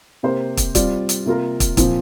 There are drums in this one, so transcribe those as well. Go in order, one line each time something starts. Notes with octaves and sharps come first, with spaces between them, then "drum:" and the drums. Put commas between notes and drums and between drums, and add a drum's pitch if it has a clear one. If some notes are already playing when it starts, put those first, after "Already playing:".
C3 A#3 G4 C5
drum: kick, hi-hat
G3 C4 F4 D5, drum: kick, hi-hat
drum: hi-hat
C3 A#3 F4 A#4
drum: kick, hi-hat
A#2 F3 C4, drum: kick, hi-hat